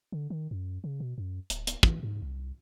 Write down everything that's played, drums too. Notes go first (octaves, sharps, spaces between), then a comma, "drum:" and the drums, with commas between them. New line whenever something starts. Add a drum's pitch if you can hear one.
D3
D#3
F#2
C#3
B2
F#2
D1, drum: hi-hat
drum: hi-hat
E3, drum: kick
G#2
C2